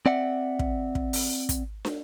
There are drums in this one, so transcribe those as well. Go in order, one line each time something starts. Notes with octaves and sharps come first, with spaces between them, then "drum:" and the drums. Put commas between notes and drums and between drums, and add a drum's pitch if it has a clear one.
C4 D5 E5 F#5
drum: kick
drum: kick
drum: open hi-hat
drum: kick, hi-hat
drum: snare